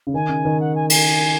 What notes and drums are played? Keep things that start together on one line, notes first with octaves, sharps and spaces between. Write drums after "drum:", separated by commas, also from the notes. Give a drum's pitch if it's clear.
C#3
D#3 G#5
C#3
D#3
F#5
G#5
G#5, drum: cymbal